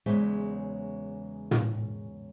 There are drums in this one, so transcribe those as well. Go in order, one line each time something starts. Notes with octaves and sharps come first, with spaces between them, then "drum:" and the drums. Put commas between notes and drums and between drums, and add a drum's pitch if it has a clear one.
E2 C#3 F#3 G#3 C5 E5
drum: tom